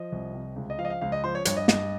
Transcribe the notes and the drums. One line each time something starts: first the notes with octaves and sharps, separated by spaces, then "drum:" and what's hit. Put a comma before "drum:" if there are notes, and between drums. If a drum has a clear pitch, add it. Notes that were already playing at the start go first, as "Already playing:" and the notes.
Already playing: F3 D#5
C2
C3
C#2
D#5
F3 F5
D#5
F5
C#2 F5
D#5
F3 C5
C#5
G2 C#5, drum: hi-hat
D#5
G2 D#5, drum: snare